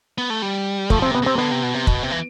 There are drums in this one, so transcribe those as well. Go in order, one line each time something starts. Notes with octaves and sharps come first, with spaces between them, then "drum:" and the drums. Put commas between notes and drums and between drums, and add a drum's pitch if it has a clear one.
B3
A3
G3
F3 A3, drum: kick
C4
C3
B3
C3 C4
D3 B3
C3
B2
C3
B2, drum: kick
C3
E3